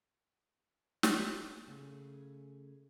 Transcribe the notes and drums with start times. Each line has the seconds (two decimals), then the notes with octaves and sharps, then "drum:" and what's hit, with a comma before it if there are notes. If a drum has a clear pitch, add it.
1.03 drum: snare
1.68 C#3 A3 G#4